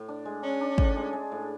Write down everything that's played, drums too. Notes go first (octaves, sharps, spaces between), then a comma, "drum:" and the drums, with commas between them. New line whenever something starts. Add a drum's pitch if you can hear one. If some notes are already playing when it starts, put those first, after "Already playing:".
Already playing: A2
D4
G#3
C#4 D4
D4
A2, drum: kick
G#3
G#3
A2